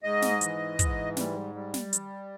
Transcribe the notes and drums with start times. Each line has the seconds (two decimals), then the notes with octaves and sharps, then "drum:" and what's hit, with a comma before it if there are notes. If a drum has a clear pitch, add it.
0.03 G#2 D#5
0.22 drum: snare
0.41 E3, drum: hi-hat
0.79 G#2, drum: kick, hi-hat
1.17 G3, drum: snare
1.55 G3
1.74 drum: snare
1.93 drum: hi-hat